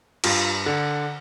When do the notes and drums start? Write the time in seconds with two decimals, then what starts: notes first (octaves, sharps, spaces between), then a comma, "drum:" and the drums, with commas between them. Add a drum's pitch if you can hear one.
0.24 G2 F4, drum: cymbal
0.66 D3